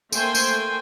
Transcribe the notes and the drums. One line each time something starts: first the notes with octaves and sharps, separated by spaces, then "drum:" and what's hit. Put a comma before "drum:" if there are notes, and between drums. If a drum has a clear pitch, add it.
A3 A#3 C5 G5 G#5, drum: tambourine
drum: tambourine